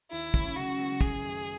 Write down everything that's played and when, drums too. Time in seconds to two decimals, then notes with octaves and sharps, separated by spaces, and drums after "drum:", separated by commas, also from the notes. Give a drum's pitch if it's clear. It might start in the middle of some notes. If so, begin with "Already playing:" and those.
0.11 D#2 E4
0.34 C#3 F#3 A3 C#4, drum: kick
0.56 C#3 F#4
0.78 G#3 B3 E4
1.01 F#2 G#4, drum: kick
1.22 D#3 F#3 A3